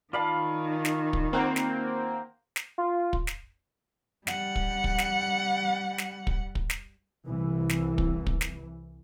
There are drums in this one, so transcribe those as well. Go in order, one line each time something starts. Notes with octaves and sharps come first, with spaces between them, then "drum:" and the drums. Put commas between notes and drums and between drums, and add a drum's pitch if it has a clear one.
D#3 F4 D5 F5 A5 B5
drum: snare
drum: kick
A#3 C4 C5 F#5 A#5
drum: snare
drum: snare
F4
drum: kick
drum: snare
G3 F#5, drum: snare
drum: kick
drum: kick
drum: snare
drum: snare
drum: kick
drum: kick
drum: snare
C2 E3
drum: snare
drum: kick
drum: kick
drum: snare